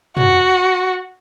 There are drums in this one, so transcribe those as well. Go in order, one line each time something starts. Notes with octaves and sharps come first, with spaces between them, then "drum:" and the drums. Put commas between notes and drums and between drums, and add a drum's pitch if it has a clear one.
F#4, drum: tom